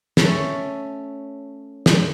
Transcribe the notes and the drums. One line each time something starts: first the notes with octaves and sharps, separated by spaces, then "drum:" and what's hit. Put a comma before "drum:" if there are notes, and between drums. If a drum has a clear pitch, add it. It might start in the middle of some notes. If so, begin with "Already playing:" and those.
A3 C#4 A4, drum: snare
drum: snare